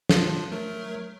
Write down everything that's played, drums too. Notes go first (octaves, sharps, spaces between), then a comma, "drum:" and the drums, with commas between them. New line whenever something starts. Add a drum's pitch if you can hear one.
F3 D4 F4, drum: snare
F#3 A3 A#4